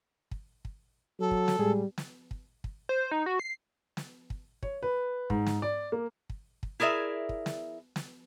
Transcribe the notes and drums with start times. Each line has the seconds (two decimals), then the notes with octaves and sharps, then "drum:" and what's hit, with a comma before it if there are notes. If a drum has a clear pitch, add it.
0.31 drum: kick
0.65 drum: kick
1.20 F#3 A4
1.31 drum: kick
1.48 drum: snare
1.59 A2 G3 G#3 G#4
1.98 drum: snare
2.31 drum: kick
2.64 drum: kick
2.89 C5
3.11 D#4
3.26 F#4
3.39 C7
3.97 drum: snare
4.30 drum: kick
4.63 C#5, drum: kick
4.83 B4
5.30 G#2, drum: kick
5.46 drum: snare
5.62 D5
5.92 A#3
6.30 drum: kick
6.63 drum: kick
6.80 E4 G#4 A#4 D5 E5
7.29 drum: kick
7.46 drum: snare
7.96 drum: snare